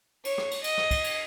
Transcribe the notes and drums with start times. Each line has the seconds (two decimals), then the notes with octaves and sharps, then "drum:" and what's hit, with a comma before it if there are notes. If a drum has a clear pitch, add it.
0.25 C#5, drum: cymbal
0.38 drum: rim click
0.51 drum: cymbal
0.64 D#5, drum: cymbal
0.78 drum: rim click
0.91 drum: kick, cymbal
1.04 drum: cymbal